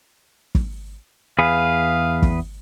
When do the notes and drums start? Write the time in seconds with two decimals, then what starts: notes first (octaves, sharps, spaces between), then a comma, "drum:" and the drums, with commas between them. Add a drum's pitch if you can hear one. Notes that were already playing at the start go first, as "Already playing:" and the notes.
0.55 drum: kick
1.39 E2 G#4 B4 F5
2.22 drum: kick